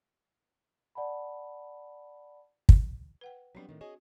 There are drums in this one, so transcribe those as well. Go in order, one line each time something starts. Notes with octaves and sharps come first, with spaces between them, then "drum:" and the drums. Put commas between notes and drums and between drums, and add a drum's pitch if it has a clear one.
D5 F#5 A5 B5
drum: kick
B4 F#5 G5
F#3 G3 B3 C4 D4
A2 D#3
F#4 G#4 C#5 D#5